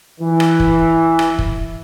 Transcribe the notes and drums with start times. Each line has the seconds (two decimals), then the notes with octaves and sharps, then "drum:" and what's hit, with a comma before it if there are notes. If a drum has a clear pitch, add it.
0.20 E3
0.40 drum: rim click
0.60 drum: kick
1.19 drum: rim click
1.39 drum: kick